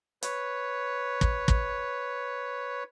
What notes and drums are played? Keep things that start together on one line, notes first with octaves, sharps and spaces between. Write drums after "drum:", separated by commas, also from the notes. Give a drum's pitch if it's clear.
B4 C#5, drum: hi-hat
drum: kick
drum: kick